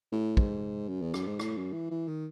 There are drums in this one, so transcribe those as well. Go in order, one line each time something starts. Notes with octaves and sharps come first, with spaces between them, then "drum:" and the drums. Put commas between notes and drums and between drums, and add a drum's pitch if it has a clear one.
A2
G#2, drum: kick
F#2
E2
F#2, drum: rim click
G#2
A2, drum: rim click
F#2
E3
E3
D#3